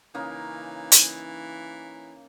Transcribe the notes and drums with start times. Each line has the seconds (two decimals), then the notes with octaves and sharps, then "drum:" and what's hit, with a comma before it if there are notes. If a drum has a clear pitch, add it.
0.14 C#3 E3 A#3 D#4
0.92 drum: hi-hat